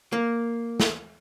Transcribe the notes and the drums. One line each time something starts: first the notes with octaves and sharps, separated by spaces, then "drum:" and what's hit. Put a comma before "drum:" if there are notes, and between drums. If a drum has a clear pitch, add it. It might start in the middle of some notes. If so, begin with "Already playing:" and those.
A#3
drum: snare